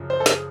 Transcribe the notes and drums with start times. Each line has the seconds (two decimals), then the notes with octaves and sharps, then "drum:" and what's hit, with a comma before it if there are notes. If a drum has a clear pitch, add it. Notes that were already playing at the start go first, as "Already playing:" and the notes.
Already playing: F#2 C#3 F3
0.10 C5
0.20 A4
0.26 G#4, drum: snare